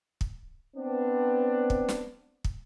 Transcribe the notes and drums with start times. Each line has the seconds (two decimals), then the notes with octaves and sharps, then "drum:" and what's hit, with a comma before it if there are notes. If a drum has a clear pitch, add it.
0.21 drum: kick
0.77 B3 C4 D4
1.70 drum: kick
1.89 drum: snare
2.44 drum: kick